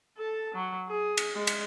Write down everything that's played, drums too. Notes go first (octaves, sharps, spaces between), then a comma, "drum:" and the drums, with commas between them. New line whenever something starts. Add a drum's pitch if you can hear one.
A4 A5
F#3
G#4
drum: cymbal
G#3
drum: cymbal